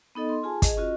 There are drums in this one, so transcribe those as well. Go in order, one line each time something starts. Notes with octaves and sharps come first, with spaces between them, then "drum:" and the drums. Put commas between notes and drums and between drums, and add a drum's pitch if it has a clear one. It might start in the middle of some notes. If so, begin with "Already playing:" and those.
B3 D#4 A4 D#5
C6
F4 G#4 G#5 A5
G#4 D#5, drum: kick, hi-hat
C#4 F4 F#4 D#5